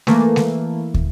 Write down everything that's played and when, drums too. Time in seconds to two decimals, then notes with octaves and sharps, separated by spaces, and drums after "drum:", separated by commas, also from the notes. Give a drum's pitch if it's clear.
0.07 E3 A3 A#3, drum: snare G#3
0.36 drum: snare G#3
0.94 drum: kick